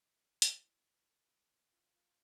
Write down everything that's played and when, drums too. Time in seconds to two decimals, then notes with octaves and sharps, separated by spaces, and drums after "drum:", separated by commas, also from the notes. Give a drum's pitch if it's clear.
0.42 E4, drum: hi-hat
1.72 F4
1.93 F4